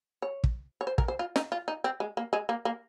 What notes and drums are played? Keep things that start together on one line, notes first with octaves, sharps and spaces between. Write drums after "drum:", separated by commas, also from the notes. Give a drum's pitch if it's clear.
C#5
drum: kick
C#5
C5
A#4, drum: kick
C5
F4
D#4, drum: snare
F4
D#4
C4
G#3
A#3
G#3
A#3
A#3